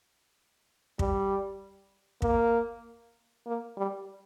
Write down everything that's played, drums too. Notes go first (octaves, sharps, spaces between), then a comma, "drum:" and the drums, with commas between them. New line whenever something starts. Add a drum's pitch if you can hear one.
G3, drum: kick
A#3, drum: kick
A#3
G3